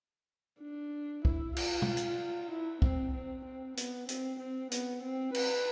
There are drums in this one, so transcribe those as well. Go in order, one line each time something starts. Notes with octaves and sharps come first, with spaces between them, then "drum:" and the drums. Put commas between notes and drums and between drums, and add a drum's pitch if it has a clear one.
D4
E4, drum: kick
F4, drum: cymbal
drum: tom B2
drum: hi-hat
E4
C4, drum: kick
C4
C4
B3, drum: hi-hat
C4, drum: hi-hat
C4
B3, drum: hi-hat
C4
B4, drum: cymbal